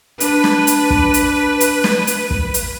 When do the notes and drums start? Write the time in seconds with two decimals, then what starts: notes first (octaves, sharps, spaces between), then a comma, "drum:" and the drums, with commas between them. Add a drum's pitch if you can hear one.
0.20 D4 B4, drum: hi-hat
0.44 drum: snare
0.67 drum: hi-hat
0.90 drum: kick
1.14 drum: hi-hat
1.61 drum: hi-hat
1.84 drum: snare
2.07 drum: hi-hat
2.31 drum: kick
2.54 drum: hi-hat